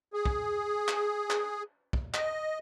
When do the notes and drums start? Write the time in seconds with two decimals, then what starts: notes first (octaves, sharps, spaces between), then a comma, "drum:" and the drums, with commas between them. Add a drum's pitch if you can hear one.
0.13 G#4
0.26 drum: kick
0.88 drum: clap
1.30 drum: clap
1.93 drum: kick
2.14 D#5, drum: clap